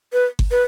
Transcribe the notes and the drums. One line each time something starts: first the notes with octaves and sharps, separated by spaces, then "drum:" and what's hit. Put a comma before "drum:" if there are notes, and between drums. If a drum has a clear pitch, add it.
B4
drum: kick G1
B4